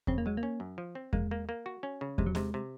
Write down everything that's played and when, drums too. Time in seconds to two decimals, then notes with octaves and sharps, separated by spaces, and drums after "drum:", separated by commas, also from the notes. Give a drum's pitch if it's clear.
0.07 C#3 C4, drum: kick E2
0.18 A#3
0.26 F#3 G#3
0.37 A#3
0.43 C#4
0.60 F#2
0.78 F3
0.95 C4
1.13 G#3 A#3, drum: kick E2
1.31 A#3
1.49 A#3
1.66 F#4
1.83 C#4
2.01 C#3
2.18 C3 G#3, drum: kick E2
2.26 F#3
2.35 C3 G#3, drum: snare C4
2.54 C3